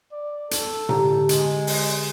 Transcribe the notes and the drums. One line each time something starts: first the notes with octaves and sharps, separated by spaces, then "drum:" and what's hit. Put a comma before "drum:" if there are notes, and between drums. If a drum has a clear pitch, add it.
D5
A4, drum: hi-hat
D3 G4 A#5, drum: tom A2
G#3, drum: hi-hat
drum: open hi-hat